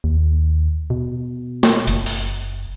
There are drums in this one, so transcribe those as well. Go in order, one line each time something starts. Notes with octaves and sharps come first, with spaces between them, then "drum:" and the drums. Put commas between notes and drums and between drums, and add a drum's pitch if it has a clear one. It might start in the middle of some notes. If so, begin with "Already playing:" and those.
D#2
B2
drum: snare
F#1, drum: hi-hat
drum: open hi-hat